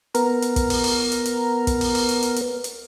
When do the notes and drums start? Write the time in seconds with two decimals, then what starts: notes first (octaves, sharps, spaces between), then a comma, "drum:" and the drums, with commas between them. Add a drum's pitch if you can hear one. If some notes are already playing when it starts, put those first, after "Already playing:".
0.15 B3 A#4, drum: hi-hat
0.42 drum: hi-hat
0.56 drum: kick, hi-hat
0.70 drum: open hi-hat
0.84 drum: open hi-hat
1.12 drum: hi-hat
1.25 drum: hi-hat
1.67 drum: kick, hi-hat
1.81 drum: open hi-hat
1.95 drum: open hi-hat
2.09 drum: hi-hat
2.22 drum: hi-hat
2.36 drum: hi-hat
2.64 drum: hi-hat